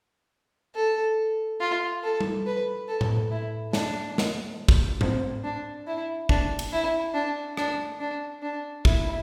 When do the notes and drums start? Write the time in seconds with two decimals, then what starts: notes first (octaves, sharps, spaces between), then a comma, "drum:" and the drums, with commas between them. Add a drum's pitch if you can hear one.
0.75 A4
1.60 F4
2.03 A4
2.21 drum: tom G3
2.46 B4
2.88 A4
3.01 drum: tom A2
3.31 E4
3.73 D4, drum: snare
4.18 drum: snare
4.69 drum: kick
5.01 C4, drum: tom G#2
5.44 D4
5.87 E4
6.29 D4, drum: kick
6.59 drum: cymbal
6.72 E4
7.14 D4
7.57 D4, drum: rim click
8.00 D4
8.42 D4
8.85 E4, drum: kick